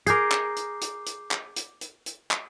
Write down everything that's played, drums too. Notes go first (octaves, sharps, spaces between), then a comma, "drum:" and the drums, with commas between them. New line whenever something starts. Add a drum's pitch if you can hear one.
G#4 A#4 D6 G6 C7, drum: hi-hat
drum: clap
drum: hi-hat
drum: hi-hat
drum: hi-hat
drum: clap
drum: hi-hat
drum: hi-hat
drum: hi-hat
drum: clap